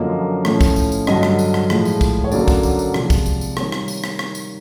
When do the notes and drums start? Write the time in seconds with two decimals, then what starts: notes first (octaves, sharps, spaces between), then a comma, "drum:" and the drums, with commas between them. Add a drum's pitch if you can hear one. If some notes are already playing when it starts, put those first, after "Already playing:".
Already playing: F#2 D3 F3 A#3 C#4 D#5
0.45 A2 F3 A3 C#4, drum: rim click
0.61 drum: kick, tambourine
0.76 drum: tambourine
0.92 drum: tambourine
1.07 G2 D3 F#3 D#5, drum: rim click
1.23 drum: rim click
1.39 drum: tambourine
1.54 drum: rim click
1.70 A2 F3 G#3, drum: rim click
1.85 drum: tambourine
2.01 drum: kick, tambourine
2.24 C#5
2.32 F#2 D3 F#3 A#3 D5, drum: tambourine
2.48 drum: kick, tambourine
2.63 drum: tambourine
2.79 drum: tambourine
2.94 C3 F3 G#3, drum: rim click
3.10 drum: kick, tambourine
3.26 drum: tambourine
3.41 drum: tambourine
3.57 D#3 G3 A#3 C#5, drum: rim click
3.72 drum: rim click
3.88 drum: tambourine
4.04 drum: rim click
4.19 drum: rim click
4.35 drum: tambourine